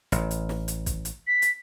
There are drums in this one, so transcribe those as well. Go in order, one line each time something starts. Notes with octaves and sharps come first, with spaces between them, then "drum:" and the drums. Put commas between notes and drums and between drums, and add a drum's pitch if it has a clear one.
A1, drum: hi-hat
drum: hi-hat
drum: snare
drum: hi-hat
drum: kick, hi-hat
drum: hi-hat
B6
drum: hi-hat